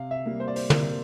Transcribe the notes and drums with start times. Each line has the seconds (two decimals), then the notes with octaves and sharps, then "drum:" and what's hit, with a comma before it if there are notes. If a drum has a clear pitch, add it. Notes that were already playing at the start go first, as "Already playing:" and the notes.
Already playing: C3 F5
0.11 E5
0.26 G3 A#3
0.40 C5
0.48 D5
0.56 C5, drum: open hi-hat
0.70 C3 A#4, drum: tom